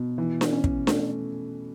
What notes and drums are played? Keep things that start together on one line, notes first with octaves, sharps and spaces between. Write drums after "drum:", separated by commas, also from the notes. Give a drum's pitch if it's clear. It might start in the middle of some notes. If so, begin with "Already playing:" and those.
Already playing: B2
E3
drum: snare D4
C#4
drum: kick
A3, drum: snare D4